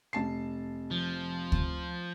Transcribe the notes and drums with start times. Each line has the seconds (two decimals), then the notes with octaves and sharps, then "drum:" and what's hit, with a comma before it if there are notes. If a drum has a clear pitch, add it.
0.13 F1 A5 C7
0.91 F3
1.52 drum: kick